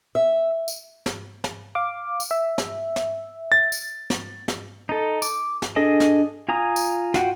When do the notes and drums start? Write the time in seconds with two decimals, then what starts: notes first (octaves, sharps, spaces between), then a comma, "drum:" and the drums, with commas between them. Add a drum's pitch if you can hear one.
0.15 E5
0.68 drum: tambourine
1.06 drum: snare
1.44 drum: snare
1.75 F5 D6
2.20 drum: tambourine
2.31 E5
2.58 drum: snare
2.96 drum: snare
3.52 A6
3.72 drum: tambourine
4.10 drum: snare
4.48 drum: snare
4.89 D#4 A4
5.22 D6, drum: tambourine
5.62 drum: snare
5.76 D4 G#4 A4 D#5 G#5
6.00 drum: snare
6.49 F4 G#5 A#5 D#6
6.76 drum: tambourine
7.14 F4 F#4 F#5 G5, drum: snare